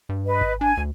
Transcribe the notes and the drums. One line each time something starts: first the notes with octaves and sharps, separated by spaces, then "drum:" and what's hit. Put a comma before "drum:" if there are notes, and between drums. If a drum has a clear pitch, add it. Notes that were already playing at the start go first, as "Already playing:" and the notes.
G2
B4 D#5
drum: kick G#1
D4 G#5
D2